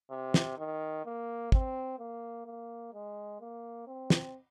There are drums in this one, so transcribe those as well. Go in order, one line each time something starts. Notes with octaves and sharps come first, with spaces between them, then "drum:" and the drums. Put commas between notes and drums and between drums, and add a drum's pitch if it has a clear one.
C3
drum: snare
D#3
A#3
C4, drum: kick
A#3
A#3
G#3
A#3
C4
drum: snare